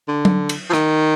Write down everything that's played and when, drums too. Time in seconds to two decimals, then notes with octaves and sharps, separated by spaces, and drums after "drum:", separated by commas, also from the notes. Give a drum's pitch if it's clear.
0.08 D3
0.25 drum: tom F#3
0.49 drum: cymbal
0.70 F3
0.73 D#3, drum: rim click